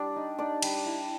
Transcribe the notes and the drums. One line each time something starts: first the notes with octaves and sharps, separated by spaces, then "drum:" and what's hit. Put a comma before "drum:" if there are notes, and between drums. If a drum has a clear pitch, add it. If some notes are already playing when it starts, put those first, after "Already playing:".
Already playing: G3 D4 D5
D#4
D4 D#4 D5
G3, drum: cymbal
E4